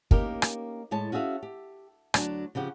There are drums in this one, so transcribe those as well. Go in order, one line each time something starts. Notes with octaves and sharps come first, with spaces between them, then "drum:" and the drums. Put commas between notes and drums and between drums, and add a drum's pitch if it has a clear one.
A#3 C#4 D#4 G4 A#4, drum: kick
drum: rim click
A2 G#3 C#5 A5
C#4 F#4 G#4 E5 F5
G4
D2 F#3 D4, drum: rim click
C#3 F3 G4 F#5